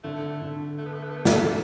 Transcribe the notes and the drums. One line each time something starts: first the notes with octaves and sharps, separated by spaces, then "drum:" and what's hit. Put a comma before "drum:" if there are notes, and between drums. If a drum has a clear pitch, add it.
D3 A3
D3
A3
B3
A3
B3
A3
B3
A3, drum: snare
D3